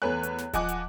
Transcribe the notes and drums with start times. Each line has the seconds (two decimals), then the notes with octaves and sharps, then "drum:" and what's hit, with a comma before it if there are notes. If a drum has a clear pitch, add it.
0.02 E2 A3 B4 C#5 G#5 F#6
0.23 drum: hi-hat
0.38 drum: snare
0.53 F3 D#5 F#5 G#5 D6 F#6, drum: kick D#1, hi-hat
0.69 drum: hi-hat